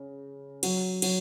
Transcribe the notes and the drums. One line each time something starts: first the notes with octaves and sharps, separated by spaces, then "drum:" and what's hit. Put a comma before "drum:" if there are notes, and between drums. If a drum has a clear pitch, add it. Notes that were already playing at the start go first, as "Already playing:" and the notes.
Already playing: C#3
F#3, drum: cymbal
F#3, drum: cymbal